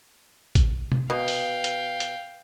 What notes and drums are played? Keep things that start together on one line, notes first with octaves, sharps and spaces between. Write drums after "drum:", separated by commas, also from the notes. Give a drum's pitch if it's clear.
drum: kick, hi-hat
drum: tom
B2 F5 G5
drum: open hi-hat
drum: hi-hat
drum: hi-hat